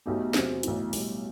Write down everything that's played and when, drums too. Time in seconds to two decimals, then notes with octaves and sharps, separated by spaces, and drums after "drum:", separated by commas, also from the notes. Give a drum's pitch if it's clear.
0.06 B1 B2 A3 D#4 G4
0.34 E2 C3 F#3 C4, drum: snare
0.63 B1 A2 E3, drum: hi-hat
0.93 B1 A2 G3, drum: open hi-hat